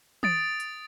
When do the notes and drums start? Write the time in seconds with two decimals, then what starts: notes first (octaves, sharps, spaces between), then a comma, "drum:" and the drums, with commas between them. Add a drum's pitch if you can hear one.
0.23 D#6 A6 D7, drum: tom
0.60 drum: hi-hat